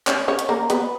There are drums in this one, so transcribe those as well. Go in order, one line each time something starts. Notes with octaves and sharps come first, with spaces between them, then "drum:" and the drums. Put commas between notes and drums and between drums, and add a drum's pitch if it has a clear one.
C#4 C#5, drum: clap
C#4 C#5
drum: hi-hat
A#3 A#4
B3 B4, drum: hi-hat